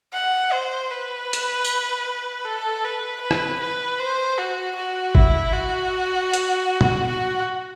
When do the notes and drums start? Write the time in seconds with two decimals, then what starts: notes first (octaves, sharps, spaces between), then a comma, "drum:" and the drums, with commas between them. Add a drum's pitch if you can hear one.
0.13 F#5
0.52 C5
0.90 B4
1.33 drum: hi-hat
1.64 drum: tambourine
2.45 A4
2.84 B4
3.22 B4
3.31 drum: rim click
3.60 B4
3.99 C5
4.38 F#4
4.76 F#4
5.15 E4, drum: kick
5.53 F#4
6.34 drum: hi-hat
6.81 drum: tom
7.08 F#4